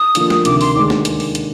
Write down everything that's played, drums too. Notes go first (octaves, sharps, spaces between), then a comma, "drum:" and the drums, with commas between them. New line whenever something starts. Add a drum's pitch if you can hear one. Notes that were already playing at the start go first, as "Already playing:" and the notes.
Already playing: D#6
D3 F3 A#3, drum: hi-hat
drum: snare
D2 C3 D#3 D6, drum: hi-hat
C6, drum: open hi-hat
D#2 D3 G#3 D6
drum: snare
drum: hi-hat
drum: open hi-hat
drum: hi-hat